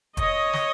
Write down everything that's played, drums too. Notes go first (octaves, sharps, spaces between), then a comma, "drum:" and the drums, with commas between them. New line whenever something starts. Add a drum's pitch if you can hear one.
C#5 D#5, drum: kick, hi-hat
drum: snare